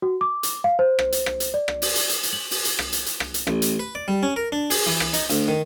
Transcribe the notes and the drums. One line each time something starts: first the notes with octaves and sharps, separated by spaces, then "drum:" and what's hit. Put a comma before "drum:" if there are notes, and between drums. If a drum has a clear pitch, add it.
F#4
D6
drum: hi-hat
F5
C5
drum: rim click
drum: hi-hat
drum: rim click
drum: hi-hat
D5
drum: rim click
drum: open hi-hat
drum: hi-hat
drum: hi-hat
drum: hi-hat
F#7
drum: open hi-hat
drum: hi-hat
drum: rim click
drum: hi-hat
drum: hi-hat
drum: rim click
drum: hi-hat
A1, drum: rim click
drum: hi-hat
B4
D5
G3
C#4
A#4
D4
G#4, drum: open hi-hat
E3
drum: rim click
D#4, drum: hi-hat
D2, drum: hi-hat
D#3